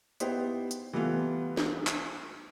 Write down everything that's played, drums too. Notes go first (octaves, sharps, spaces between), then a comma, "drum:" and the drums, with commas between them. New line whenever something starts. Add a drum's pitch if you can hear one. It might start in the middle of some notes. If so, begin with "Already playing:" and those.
B3 D#4 E4 G4 C5, drum: hi-hat
drum: hi-hat
E3 G3 A3 B3 F4
drum: snare
drum: clap